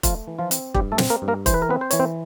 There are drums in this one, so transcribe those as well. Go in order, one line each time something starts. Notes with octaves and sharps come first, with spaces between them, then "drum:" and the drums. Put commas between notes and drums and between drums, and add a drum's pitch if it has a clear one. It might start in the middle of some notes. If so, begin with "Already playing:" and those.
F3 A3 F4, drum: kick E1, hi-hat
E3
F3 F4
C4, drum: hi-hat
G2 G3 G4, drum: kick E1
A3 A4
C4, drum: snare
A#3 A#4
G2
A#3 A#4
E3 C5, drum: kick E1, hi-hat
B4
A#4
B3 C4 B4
C5
E3 C#5, drum: hi-hat
C4 C5